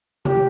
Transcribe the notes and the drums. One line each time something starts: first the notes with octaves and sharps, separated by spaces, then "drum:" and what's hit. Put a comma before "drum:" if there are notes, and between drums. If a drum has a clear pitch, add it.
G4, drum: tom C3